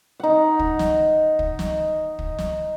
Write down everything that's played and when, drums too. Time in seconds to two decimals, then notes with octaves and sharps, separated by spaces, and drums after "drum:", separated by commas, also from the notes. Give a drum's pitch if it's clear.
0.20 D#4 F#5
0.59 drum: kick
0.79 drum: snare
1.39 drum: kick
1.59 drum: snare
2.19 drum: kick
2.39 drum: snare